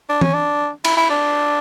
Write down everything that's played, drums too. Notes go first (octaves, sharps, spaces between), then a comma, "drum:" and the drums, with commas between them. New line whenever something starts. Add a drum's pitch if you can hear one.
D4
C#4, drum: tom
D4
E4, drum: cymbal
E4
D4